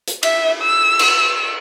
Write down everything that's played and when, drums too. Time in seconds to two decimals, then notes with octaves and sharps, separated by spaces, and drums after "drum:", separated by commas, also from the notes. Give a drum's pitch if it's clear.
0.08 drum: hi-hat
0.23 E5, drum: cymbal
0.62 E6
0.99 drum: cymbal